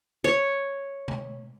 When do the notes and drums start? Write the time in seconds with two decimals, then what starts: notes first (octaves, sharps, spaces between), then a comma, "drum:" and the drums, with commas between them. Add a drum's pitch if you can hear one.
0.24 C#5
1.08 drum: tom B2